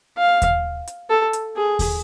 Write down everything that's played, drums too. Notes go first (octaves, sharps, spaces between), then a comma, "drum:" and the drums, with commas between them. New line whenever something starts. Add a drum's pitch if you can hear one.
F5
drum: kick D#2, hi-hat
drum: hi-hat
A4
drum: hi-hat
G#4
drum: kick D#2, open hi-hat